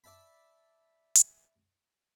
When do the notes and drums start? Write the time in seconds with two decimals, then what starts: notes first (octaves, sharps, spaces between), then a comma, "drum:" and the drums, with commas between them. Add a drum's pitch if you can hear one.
0.04 D5 E5 A5 B5
1.15 drum: hi-hat